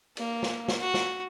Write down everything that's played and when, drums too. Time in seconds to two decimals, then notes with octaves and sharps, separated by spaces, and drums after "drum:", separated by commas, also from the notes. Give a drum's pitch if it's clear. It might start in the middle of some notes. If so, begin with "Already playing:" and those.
0.17 A#3, drum: cymbal
0.43 drum: snare
0.68 drum: snare
0.80 F#4
0.94 drum: snare